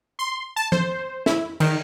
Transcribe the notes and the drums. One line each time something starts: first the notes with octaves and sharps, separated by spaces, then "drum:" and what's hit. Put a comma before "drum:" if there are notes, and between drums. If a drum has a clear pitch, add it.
C6
A5
C5, drum: tom F3
E4, drum: snare
D#3, drum: cymbal